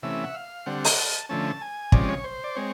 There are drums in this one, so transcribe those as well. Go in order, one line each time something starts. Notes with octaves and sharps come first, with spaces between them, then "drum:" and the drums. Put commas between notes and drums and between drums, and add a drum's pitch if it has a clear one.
C3 E3 A3 C#4 E5
F#5
F5
D3 G3 C4 F#5
drum: open hi-hat
A5
D3 F3 A3 C#4 A5
G#5
C3 F3 G#3 C#4 D5, drum: kick
C#5
C5
D5
G#3 C4 C#5